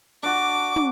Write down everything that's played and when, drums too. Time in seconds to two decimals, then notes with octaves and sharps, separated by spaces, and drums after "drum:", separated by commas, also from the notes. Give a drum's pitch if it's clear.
0.23 D4 F#4 D6
0.76 drum: tom